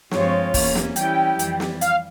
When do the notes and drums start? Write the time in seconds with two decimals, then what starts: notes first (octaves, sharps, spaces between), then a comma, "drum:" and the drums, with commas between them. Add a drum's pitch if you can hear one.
0.11 G2 F3 G#3 C4 F4 C#5, drum: snare
0.54 E2 E3 A#3 C#4, drum: kick, open hi-hat
0.75 drum: snare
0.96 E3 G3 C#4 E4 G4 G5, drum: hi-hat
1.39 F2 E3 G3, drum: hi-hat
1.60 drum: snare
1.81 F5, drum: hi-hat